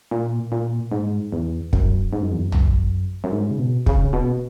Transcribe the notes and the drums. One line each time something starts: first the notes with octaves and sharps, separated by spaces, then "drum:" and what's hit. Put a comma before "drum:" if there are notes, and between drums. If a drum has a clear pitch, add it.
A#2
A#2
G#2
E2
F#2, drum: kick
G#2
F#2
E2
F#2
drum: tom A#1
F#2
G#2
C#3
B2
C#3, drum: kick
B2